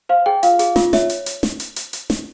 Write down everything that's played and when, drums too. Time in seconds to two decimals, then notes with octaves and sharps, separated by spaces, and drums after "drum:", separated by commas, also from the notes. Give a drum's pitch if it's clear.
0.09 C5 F5
0.26 G#4 G5
0.43 F4 F5, drum: hi-hat
0.59 G#4, drum: hi-hat
0.76 F4, drum: snare
0.93 C#5 E5, drum: snare
1.10 drum: hi-hat
1.26 drum: hi-hat
1.43 drum: snare
1.60 drum: hi-hat
1.76 drum: hi-hat
1.93 drum: hi-hat
2.10 drum: snare